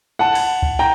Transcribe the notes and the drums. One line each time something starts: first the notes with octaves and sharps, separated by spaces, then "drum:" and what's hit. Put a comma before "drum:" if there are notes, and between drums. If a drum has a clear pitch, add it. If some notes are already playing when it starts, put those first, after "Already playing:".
F#5 A5
drum: cymbal
drum: kick
G5 A#5